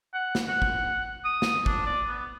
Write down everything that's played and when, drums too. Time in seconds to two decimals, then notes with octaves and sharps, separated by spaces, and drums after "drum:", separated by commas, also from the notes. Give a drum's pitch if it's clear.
0.14 F#5
0.35 drum: snare
0.48 F#5
0.62 drum: kick
1.24 D#6
1.42 drum: snare
1.66 D4, drum: kick
1.86 D5
2.07 B3